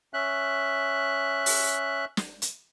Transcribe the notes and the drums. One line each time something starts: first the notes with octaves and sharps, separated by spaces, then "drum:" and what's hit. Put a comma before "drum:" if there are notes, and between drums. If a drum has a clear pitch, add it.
C#4 E5 F#6
drum: open hi-hat
drum: snare
drum: hi-hat